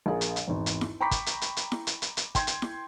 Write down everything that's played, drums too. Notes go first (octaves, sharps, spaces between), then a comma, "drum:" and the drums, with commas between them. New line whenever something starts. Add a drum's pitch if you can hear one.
A#1 G#4 A#4
drum: hi-hat
drum: hi-hat
G#1 E2
drum: hi-hat
drum: snare E4
G5 A#5 B5 C#6 D6 B6
drum: kick, hi-hat
drum: hi-hat
drum: hi-hat
drum: hi-hat
drum: snare E4
drum: hi-hat
drum: hi-hat
drum: hi-hat
G5 C6 G#6, drum: kick, hi-hat
drum: hi-hat
drum: snare E4